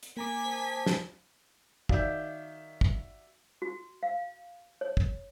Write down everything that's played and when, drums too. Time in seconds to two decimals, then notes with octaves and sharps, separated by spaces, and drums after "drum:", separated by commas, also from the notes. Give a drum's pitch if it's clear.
0.03 drum: hi-hat
0.17 A#3 G#5 A#5 D6 B6
0.45 C5 A5 D#6
0.86 drum: snare
1.89 D#3 F#4 D5 E5 F5 G6, drum: kick
2.81 drum: kick
3.62 F#4
4.03 F5
4.81 C#5
4.97 drum: kick